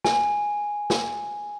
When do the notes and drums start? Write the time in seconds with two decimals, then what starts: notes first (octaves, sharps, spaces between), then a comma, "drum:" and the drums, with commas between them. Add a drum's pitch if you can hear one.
0.05 G#5, drum: snare
0.90 drum: snare